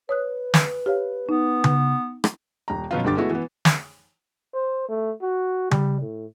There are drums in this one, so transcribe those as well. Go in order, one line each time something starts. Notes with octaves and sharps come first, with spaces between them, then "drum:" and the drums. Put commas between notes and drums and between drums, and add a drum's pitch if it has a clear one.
B4 C#5 D#6 F#6
drum: snare
G4 C#5 F5
B3 D#4
drum: tom C#3
drum: rim click
D#1 A#5
B2 F3 F#3 B3 C#4 F4
G1 G2 D3 G4 D6 A6
G#3 A3 B3 E4 F#4
E3 B3
drum: snare
C5
A3
F#4
G3, drum: tom C#3
A2